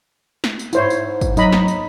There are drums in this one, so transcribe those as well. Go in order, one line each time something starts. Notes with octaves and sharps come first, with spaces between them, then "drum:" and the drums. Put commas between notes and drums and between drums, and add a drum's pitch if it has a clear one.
drum: snare
drum: tambourine
G#2 E4 C5 C#5, drum: tambourine
drum: tambourine
drum: kick, tambourine
F#3 D#4 D#5 B5, drum: tambourine
drum: snare
drum: tambourine